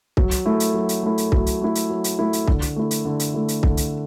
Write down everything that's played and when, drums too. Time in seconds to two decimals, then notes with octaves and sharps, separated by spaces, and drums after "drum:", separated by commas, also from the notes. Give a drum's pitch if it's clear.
0.17 F#3, drum: kick C2
0.31 drum: hi-hat
0.46 A3 E4
0.60 drum: hi-hat
0.74 F#3
0.89 drum: hi-hat
1.03 A3 E4
1.18 drum: hi-hat
1.32 F#3, drum: kick C2
1.46 drum: hi-hat
1.61 A3 E4
1.75 drum: hi-hat
1.89 F#3
2.04 drum: hi-hat
2.19 A3 E4
2.33 drum: hi-hat
2.47 D3, drum: kick C2
2.62 drum: hi-hat
2.76 A3 E4
2.91 drum: hi-hat
3.05 D3
3.20 drum: hi-hat
3.34 A3 E4
3.48 drum: hi-hat
3.63 D3, drum: kick C2
3.77 drum: hi-hat